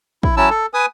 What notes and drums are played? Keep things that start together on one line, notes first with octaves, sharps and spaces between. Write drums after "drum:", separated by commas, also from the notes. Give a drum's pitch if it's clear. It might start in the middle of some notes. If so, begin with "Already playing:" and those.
E4, drum: kick
F#3 C#4 E4 A5 E6
A4
B4 G#5 D#6